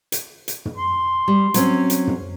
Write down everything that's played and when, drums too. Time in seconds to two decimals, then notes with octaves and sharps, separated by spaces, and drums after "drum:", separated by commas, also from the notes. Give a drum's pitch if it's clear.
0.12 drum: hi-hat
0.48 drum: hi-hat
0.65 drum: tom
0.77 C6
1.28 G3
1.54 F#3 C4 C#4, drum: hi-hat
1.90 drum: hi-hat
2.07 drum: tom